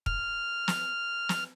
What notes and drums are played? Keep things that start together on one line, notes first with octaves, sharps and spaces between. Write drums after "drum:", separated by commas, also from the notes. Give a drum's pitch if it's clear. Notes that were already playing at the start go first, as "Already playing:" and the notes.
F6, drum: kick
drum: snare
drum: snare